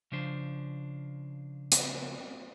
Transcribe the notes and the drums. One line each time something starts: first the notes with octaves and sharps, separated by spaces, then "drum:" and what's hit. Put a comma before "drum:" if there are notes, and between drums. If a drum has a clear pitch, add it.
C#3 F3 D4 C5
drum: hi-hat